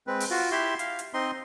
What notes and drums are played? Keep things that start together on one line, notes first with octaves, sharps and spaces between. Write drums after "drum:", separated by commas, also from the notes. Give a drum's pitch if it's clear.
G#3 C4 B4
drum: open hi-hat
F4 F#4
E4 G4 E5 C6
F5, drum: hi-hat
drum: hi-hat
C4 D#4 D#5 C6